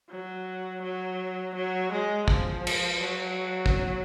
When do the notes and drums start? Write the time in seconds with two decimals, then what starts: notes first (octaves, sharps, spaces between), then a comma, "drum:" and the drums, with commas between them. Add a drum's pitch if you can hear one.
0.09 F#3
0.82 F#3
1.55 F#3
1.92 G#3
2.28 F3, drum: kick
2.67 drum: cymbal
3.00 F#3
3.66 drum: kick